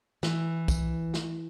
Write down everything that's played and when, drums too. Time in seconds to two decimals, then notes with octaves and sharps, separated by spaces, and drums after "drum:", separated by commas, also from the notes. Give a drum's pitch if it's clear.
0.23 E3, drum: snare
0.68 drum: kick B1, tambourine
1.14 drum: snare